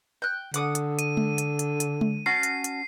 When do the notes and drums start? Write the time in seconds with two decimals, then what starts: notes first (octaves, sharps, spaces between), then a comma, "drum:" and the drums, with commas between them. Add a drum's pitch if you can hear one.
0.22 G5 F#6
0.54 D3 F#5 D6 D#6, drum: hi-hat
0.75 drum: hi-hat
0.99 D#7, drum: hi-hat
1.17 drum: tom G#3
1.38 drum: hi-hat
1.59 drum: hi-hat
1.80 drum: hi-hat
2.01 drum: tom G#3
2.26 C#4 F#4 A5 C7
2.43 drum: hi-hat
2.64 drum: hi-hat